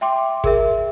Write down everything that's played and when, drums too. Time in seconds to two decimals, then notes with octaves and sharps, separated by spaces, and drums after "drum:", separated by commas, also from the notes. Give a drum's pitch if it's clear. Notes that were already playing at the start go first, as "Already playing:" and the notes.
0.01 E5 G5 C6 D6
0.44 G#4 A#4 E5, drum: kick